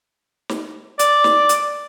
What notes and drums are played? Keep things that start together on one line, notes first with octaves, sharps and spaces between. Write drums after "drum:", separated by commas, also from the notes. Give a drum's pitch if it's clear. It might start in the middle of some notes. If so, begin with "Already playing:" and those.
drum: snare
D5, drum: hi-hat
drum: snare
drum: hi-hat